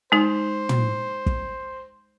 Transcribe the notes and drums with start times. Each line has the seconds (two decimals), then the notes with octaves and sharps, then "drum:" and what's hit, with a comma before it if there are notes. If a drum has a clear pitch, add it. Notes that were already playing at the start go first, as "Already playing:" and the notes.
0.12 G#3 D#4 C5
0.69 drum: tom
1.26 drum: kick